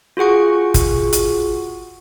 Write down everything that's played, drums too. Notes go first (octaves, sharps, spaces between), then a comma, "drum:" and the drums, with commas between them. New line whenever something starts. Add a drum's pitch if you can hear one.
F4 F#4 G#4 F#5 C#6
drum: kick, hi-hat
drum: hi-hat